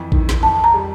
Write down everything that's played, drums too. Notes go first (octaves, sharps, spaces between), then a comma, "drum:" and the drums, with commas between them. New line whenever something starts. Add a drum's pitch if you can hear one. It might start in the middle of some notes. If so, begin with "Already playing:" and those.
Already playing: F2 E3
D#3, drum: kick A1
drum: snare
F2 A5
A#5
G3